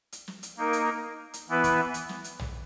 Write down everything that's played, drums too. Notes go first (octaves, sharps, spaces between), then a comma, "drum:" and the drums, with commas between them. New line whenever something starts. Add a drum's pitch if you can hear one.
drum: hi-hat
drum: snare
drum: hi-hat
A#3 D#4 A#4
drum: hi-hat
drum: hi-hat
E3 B3 E4 B4
drum: kick, hi-hat
drum: hi-hat
drum: snare
drum: hi-hat
drum: tom